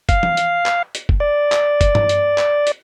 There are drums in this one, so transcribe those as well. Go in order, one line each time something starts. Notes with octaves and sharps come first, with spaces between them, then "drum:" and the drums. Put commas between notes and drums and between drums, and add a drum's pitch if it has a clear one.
F5, drum: kick F1, hi-hat
drum: tom E3
drum: hi-hat
drum: clap
drum: hi-hat
drum: kick F1
D5
drum: clap
drum: kick F1, hi-hat
drum: tom G2
drum: hi-hat
drum: clap
drum: hi-hat